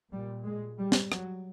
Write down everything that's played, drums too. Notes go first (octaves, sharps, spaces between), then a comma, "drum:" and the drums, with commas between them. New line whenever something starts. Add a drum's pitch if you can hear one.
A#2 G3
G#3
G3
drum: snare
F#3, drum: rim click